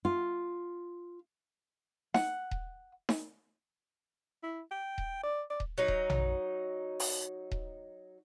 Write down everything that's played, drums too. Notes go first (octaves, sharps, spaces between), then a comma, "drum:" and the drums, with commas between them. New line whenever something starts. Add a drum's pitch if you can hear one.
F4
F#5, drum: snare D#4
drum: kick D#1
drum: snare D#4
E4
G5
drum: kick D#1
D5
D5
drum: kick D#1
F#3 D#4
drum: kick D#1
drum: tom A#1
drum: open hi-hat
drum: kick D#1